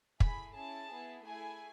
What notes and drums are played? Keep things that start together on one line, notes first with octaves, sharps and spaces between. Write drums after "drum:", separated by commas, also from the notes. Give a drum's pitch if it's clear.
A3 E4 G#4 B5, drum: kick
C#4 E4 G#4 A5
B3 E4 G#4
A3 E4 G#4 G#5